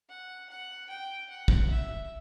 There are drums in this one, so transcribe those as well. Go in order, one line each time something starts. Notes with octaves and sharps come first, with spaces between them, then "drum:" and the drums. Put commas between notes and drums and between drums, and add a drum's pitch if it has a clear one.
F#5
F#5
G5
F#5
drum: kick
E5